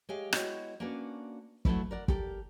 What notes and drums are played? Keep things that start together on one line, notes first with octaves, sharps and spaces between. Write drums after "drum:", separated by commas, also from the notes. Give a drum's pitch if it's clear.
G#3 G4 C#5 E5 F5
G#3 B3 E4 F#4 C#5 G5, drum: rim click
A#3 C#4 D4 F#4 B4
F#3 A3 A#3 E4 B4, drum: kick
A#4 D5 F#5
G4 A4 A#4, drum: kick